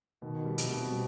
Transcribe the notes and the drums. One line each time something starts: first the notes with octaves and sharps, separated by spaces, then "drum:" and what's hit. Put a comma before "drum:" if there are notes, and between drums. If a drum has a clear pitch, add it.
B2 D#3
G3
C3, drum: hi-hat
B2
G3